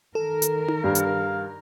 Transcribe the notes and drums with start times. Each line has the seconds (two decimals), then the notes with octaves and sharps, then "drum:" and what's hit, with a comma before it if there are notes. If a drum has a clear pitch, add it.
0.15 D#3 A4 A#4
0.42 drum: hi-hat
0.68 drum: tom D#4
0.84 G2 F5
0.95 drum: hi-hat